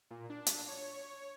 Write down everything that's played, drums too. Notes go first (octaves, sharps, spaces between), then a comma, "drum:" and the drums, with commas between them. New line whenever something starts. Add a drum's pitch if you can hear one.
A#2
D4
drum: hi-hat
C#5